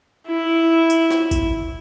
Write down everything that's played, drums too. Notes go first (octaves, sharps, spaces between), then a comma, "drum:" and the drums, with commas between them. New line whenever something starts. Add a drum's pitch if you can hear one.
E4
drum: tambourine
drum: snare F4
drum: kick, tambourine